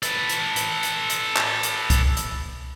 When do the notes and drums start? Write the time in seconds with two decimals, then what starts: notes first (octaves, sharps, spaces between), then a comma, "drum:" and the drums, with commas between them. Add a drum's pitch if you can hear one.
0.03 A4 B4, drum: hi-hat
0.29 drum: hi-hat
0.56 drum: hi-hat
0.83 drum: hi-hat
1.10 drum: hi-hat
1.37 drum: clap
1.63 drum: hi-hat
1.90 drum: kick C2, hi-hat
2.17 drum: hi-hat